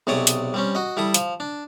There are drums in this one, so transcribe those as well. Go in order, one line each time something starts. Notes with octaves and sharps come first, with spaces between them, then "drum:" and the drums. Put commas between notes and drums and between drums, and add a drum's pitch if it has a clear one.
B1 C3 G#4 C#5 D5 D#6
drum: hi-hat
G3 C4 C#4
F#4 D#5
G3 E4 A4 D#6
F3, drum: hi-hat
D4